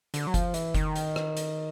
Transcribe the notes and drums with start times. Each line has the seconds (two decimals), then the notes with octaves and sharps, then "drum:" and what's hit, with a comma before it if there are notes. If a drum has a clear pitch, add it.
0.14 D3, drum: hi-hat
0.27 F#3
0.34 F3, drum: kick F#1, hi-hat
0.54 E3, drum: hi-hat
0.74 D#3, drum: kick F#1, hi-hat
0.96 drum: hi-hat
1.16 drum: rim click
1.37 drum: hi-hat